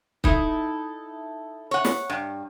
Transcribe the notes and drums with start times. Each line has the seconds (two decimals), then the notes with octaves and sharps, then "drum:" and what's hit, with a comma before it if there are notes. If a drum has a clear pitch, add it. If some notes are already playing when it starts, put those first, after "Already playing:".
0.24 D#4 E4 A4, drum: kick
1.71 C#5 F#5
1.85 drum: snare
2.10 G2